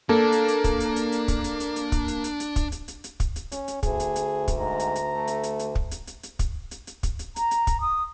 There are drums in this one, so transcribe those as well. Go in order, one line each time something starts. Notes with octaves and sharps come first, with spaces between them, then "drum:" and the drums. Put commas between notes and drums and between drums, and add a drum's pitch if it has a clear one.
A#3 D4 A4
drum: hi-hat
drum: hi-hat
drum: kick, hi-hat
drum: hi-hat
drum: hi-hat
drum: hi-hat
drum: kick, hi-hat
drum: hi-hat
drum: hi-hat
drum: hi-hat
drum: kick, hi-hat
drum: hi-hat
drum: hi-hat
drum: hi-hat
drum: kick, hi-hat
drum: hi-hat
drum: hi-hat
drum: hi-hat
drum: kick, hi-hat
drum: hi-hat
C#4, drum: hi-hat
drum: hi-hat
D2 G#4, drum: kick, hi-hat
drum: hi-hat
drum: hi-hat
drum: kick, hi-hat
G#2 A#5
drum: hi-hat
drum: hi-hat
A3
drum: hi-hat
drum: hi-hat
drum: hi-hat
drum: kick
drum: hi-hat
drum: hi-hat
drum: hi-hat
drum: kick, hi-hat
drum: hi-hat
drum: hi-hat
drum: kick, hi-hat
drum: hi-hat
A#5, drum: hi-hat
drum: hi-hat
drum: kick, hi-hat
D#6